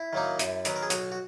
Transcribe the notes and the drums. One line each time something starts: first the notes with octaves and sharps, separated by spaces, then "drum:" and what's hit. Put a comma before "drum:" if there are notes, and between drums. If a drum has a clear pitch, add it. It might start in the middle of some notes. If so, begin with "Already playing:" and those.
Already playing: E4
D#3 F#3 A#3 D#4
F#2, drum: hi-hat
D#3 F#3 B3, drum: hi-hat
A#4
G#4
B1 F#4, drum: hi-hat
F#4